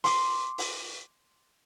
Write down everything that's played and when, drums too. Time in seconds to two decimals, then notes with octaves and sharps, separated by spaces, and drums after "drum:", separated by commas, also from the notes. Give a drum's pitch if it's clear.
0.04 C6 D6, drum: open hi-hat
0.58 drum: open hi-hat